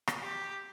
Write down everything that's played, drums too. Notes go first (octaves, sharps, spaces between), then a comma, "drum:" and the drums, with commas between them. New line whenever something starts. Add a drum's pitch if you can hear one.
drum: rim click
G4